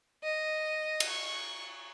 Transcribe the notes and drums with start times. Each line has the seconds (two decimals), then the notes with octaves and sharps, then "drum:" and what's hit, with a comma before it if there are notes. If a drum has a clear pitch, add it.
0.24 D#5
1.00 drum: cymbal
1.09 C#6